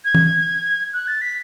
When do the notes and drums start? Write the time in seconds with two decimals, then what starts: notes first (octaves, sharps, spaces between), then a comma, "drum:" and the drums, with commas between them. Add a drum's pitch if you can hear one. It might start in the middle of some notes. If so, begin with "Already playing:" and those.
0.05 G#6
0.15 drum: tom
0.93 F#6
1.08 A6
1.21 B6